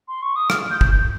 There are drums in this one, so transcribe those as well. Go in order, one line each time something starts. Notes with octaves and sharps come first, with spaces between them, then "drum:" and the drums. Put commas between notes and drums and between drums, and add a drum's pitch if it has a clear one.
C6
C#6
D#6
F6, drum: rim click
G6
drum: kick
G6